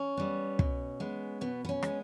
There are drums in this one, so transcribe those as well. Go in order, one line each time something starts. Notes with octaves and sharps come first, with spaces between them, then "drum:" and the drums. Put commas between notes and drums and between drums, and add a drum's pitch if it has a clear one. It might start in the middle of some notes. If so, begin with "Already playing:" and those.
Already playing: C#4
G3 B3
B2, drum: kick
G#3 B3
B2 B3
B3
C#4
G#3 B3, drum: rim click